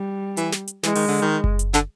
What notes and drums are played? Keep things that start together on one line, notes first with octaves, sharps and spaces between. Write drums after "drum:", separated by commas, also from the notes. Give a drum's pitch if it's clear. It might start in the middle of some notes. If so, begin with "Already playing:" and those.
Already playing: G3
E3, drum: hi-hat
drum: snare
drum: hi-hat
E3 G#3, drum: snare
D#3, drum: open hi-hat
D3
D#3
drum: kick F#1
drum: hi-hat
D3, drum: snare